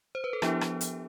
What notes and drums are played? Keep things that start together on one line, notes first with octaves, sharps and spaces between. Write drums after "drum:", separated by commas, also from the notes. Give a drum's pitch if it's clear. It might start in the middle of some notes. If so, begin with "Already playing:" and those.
C5
B4
A4
F3 B3 D4 E4 G4, drum: rim click
drum: rim click
drum: hi-hat